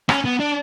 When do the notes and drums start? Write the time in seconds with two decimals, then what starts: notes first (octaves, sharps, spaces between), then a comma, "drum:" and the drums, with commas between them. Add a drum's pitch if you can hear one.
0.09 C#4, drum: rim click
0.24 B3
0.40 D4